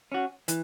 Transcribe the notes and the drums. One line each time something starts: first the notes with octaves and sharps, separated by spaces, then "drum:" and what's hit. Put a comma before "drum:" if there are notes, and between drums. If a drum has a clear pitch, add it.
C#4 F#4
E3, drum: hi-hat